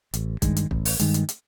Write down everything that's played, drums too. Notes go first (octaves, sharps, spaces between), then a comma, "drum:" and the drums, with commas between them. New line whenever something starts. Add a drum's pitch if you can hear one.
A1, drum: hi-hat
G2 D#3 G#3, drum: kick, hi-hat
drum: hi-hat
A1, drum: kick
drum: open hi-hat
G2 D#3 G#3, drum: hi-hat
drum: hi-hat
drum: hi-hat